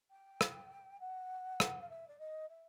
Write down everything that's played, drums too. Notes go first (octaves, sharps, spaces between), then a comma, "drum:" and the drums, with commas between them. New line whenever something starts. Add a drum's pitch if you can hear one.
G5
drum: rim click
F#5
drum: rim click
F5
E5
D5
D#5
E5